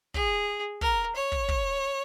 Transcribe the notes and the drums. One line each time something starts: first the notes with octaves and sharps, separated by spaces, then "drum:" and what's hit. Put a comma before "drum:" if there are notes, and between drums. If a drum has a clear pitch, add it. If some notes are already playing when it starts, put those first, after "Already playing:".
G#4, drum: kick
A#4, drum: kick
C#5
drum: kick
drum: kick